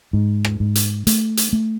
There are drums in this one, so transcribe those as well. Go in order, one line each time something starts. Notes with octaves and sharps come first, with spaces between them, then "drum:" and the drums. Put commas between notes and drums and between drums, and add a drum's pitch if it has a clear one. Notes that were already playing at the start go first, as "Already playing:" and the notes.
G#2
drum: rim click
G#2
drum: hi-hat
A3, drum: hi-hat
drum: hi-hat
A3